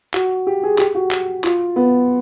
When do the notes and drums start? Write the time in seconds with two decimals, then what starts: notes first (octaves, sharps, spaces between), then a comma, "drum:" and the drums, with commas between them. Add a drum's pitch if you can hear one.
0.14 F#4, drum: clap
0.47 G4
0.63 G#4
0.78 G4, drum: clap
0.95 F#4
1.11 drum: clap
1.44 F4, drum: clap
1.76 B3